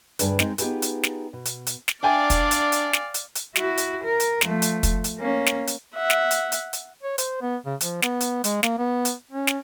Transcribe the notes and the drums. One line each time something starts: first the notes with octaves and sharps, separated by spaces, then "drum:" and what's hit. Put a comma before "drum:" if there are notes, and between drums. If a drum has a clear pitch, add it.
D2 G2 D4 G#4 B4, drum: hi-hat
G#3 C4 D#4, drum: snare
B3 D#4 F4 G4 G#4 B4, drum: hi-hat
drum: hi-hat
drum: snare
B2
drum: hi-hat
drum: hi-hat
drum: snare
D4 D5 E5 F5 G5 G#5
drum: kick, hi-hat
drum: hi-hat
drum: hi-hat
drum: snare
drum: hi-hat
drum: hi-hat
E4 F#4, drum: snare
drum: hi-hat
A#4
drum: hi-hat
F3 A3, drum: snare
drum: hi-hat
drum: kick, hi-hat
drum: hi-hat
A#3 C#4
drum: snare
drum: hi-hat
E5 F#5
drum: snare
drum: hi-hat
drum: hi-hat
drum: hi-hat
C#5
C5, drum: hi-hat
B3
C#3
F3, drum: hi-hat
B3, drum: snare
drum: hi-hat
G#3, drum: hi-hat
A#3, drum: snare
B3
drum: hi-hat
C#4
drum: snare